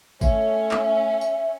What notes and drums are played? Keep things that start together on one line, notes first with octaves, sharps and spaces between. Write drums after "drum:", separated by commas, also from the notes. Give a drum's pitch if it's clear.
A3 C#4 E5, drum: kick G#1, tambourine
drum: clap
drum: tambourine